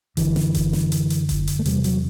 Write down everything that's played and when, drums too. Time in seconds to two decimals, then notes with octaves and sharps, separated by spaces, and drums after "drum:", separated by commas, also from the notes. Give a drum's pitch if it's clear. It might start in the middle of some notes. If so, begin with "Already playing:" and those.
0.17 F#2 D3 E3, drum: kick F#1, hi-hat
0.36 drum: snare
0.55 drum: kick F#1, hi-hat
0.73 drum: snare
0.92 drum: hi-hat
1.10 drum: hi-hat
1.29 drum: kick F#1, hi-hat
1.47 drum: hi-hat
1.59 A3
1.65 E2 C3 G3, drum: hi-hat
1.84 F#3, drum: hi-hat